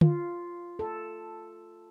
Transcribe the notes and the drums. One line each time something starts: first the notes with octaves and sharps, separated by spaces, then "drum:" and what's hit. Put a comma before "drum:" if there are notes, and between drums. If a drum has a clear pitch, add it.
F4, drum: tom D3
A4